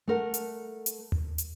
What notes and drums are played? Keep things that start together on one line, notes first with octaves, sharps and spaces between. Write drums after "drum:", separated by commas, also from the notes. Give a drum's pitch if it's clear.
A3 A#4 F#5
drum: hi-hat
drum: hi-hat
drum: tom D#2
drum: hi-hat